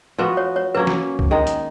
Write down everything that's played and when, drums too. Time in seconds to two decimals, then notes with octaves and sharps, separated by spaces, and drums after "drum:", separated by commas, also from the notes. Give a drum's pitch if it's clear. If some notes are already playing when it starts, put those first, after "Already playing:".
0.18 F3 B3 F#4 B4
0.37 C#5
0.56 C#5
0.75 F#3 A#3 C#4 B4
0.87 drum: snare
1.19 drum: kick
1.31 D#3 G#3 D#4
1.47 drum: hi-hat